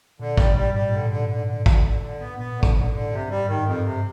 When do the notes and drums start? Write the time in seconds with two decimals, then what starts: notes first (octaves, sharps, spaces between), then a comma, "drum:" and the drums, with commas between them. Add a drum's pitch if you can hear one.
0.20 A#2 D3
0.38 G3, drum: kick
0.44 G2
0.56 G3
0.68 G#2
0.74 G3
0.88 A#2
0.92 A2 D3
1.10 D3
1.29 D3
1.47 D3
1.66 D3, drum: kick
1.84 D3
2.02 D3
2.20 B3
2.38 A#2 B3
2.57 D3
2.63 A2, drum: kick
2.75 D3
2.87 G#2
2.93 D3
3.11 G2 C3
3.30 G3
3.35 G#2
3.47 D#3
3.60 G2
3.66 F2
3.84 C3